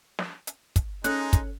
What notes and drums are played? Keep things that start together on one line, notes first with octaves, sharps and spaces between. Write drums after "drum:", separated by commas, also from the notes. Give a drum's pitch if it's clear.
drum: snare
drum: hi-hat
drum: kick, hi-hat
G#3 C#4 D#4 A4 F#6, drum: hi-hat
drum: kick, hi-hat